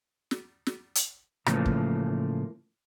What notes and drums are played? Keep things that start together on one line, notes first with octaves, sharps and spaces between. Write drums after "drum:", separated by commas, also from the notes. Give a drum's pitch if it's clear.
drum: snare
drum: snare
drum: hi-hat
A2 C#3 E3 F3 A3 A#3, drum: rim click
drum: kick